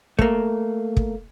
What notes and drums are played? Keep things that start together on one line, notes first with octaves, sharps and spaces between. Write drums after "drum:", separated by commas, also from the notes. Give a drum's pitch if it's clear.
A3 A#3, drum: kick
drum: kick